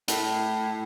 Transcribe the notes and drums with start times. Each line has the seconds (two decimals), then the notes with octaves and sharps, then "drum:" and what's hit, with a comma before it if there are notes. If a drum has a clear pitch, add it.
0.08 A2, drum: hi-hat